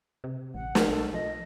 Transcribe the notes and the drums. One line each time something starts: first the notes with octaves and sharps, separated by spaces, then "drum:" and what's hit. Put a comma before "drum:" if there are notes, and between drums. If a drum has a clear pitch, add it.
C3
A1 F#5
drum: snare
B1 A4
F3 D#5